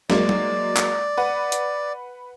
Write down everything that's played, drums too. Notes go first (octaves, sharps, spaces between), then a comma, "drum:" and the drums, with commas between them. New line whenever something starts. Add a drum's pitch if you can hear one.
F#3 G#3 A#3 D5, drum: snare
drum: tom
drum: clap
B4 F#5
drum: hi-hat